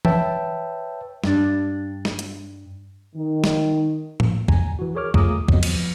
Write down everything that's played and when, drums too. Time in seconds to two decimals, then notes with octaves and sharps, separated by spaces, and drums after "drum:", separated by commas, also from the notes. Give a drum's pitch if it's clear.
0.05 B4 C#5 E5 G5 A5, drum: tom E3
1.24 G2 D4, drum: snare
2.05 drum: snare
2.19 drum: hi-hat
3.15 D#3
3.44 drum: snare
4.20 drum: tom A2
4.48 G#5 A#5, drum: kick
4.79 E3 F#4
4.95 G#4 A#4 C#5 D6 F6
5.14 A3 F4 G#4 A#5 D6 D#6, drum: kick
5.48 F#3 B3 C4 D#5, drum: kick
5.63 F3, drum: cymbal